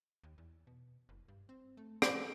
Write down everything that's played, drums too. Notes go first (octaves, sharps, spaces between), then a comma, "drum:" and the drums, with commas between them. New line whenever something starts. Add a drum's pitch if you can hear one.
D#2
E2
B2
F#1
G2
C4
A3
F3, drum: rim click